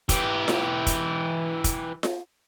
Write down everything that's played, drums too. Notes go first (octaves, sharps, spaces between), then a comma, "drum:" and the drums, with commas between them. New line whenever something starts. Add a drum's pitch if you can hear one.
E3 G4, drum: kick, hi-hat
drum: snare F4
drum: kick, hi-hat
drum: kick, hi-hat
drum: snare F4